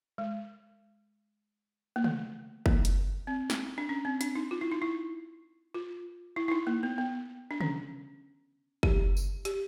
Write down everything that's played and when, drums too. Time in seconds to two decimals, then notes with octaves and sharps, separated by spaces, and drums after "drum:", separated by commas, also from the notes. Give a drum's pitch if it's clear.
0.18 G#3
1.96 A#3
2.04 A3, drum: tom
2.66 A#3, drum: kick
2.85 drum: hi-hat
3.27 C4
3.50 drum: snare
3.78 D4
3.89 C#4
4.05 C4
4.21 D4, drum: hi-hat
4.35 D#4
4.51 F4
4.61 E4
4.72 D#4
4.82 E4
5.74 F4
6.36 E4
6.48 E4
6.52 D#4
6.67 A#3
6.83 B3
6.98 B3
7.51 D4
7.61 C#4, drum: tom
8.83 G4, drum: kick
9.17 drum: tambourine
9.45 G4, drum: hi-hat